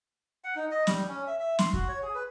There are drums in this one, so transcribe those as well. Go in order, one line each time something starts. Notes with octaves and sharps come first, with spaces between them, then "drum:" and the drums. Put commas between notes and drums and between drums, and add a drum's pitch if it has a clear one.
F#5
D#4
D#5
G3, drum: snare
C#4
E5
E5
C6, drum: snare
F#4, drum: kick
C#5
G#4
B4